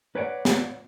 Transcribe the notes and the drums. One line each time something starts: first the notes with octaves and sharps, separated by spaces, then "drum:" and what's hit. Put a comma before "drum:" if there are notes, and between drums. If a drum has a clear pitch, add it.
B4 C#5 D5 F#5
drum: snare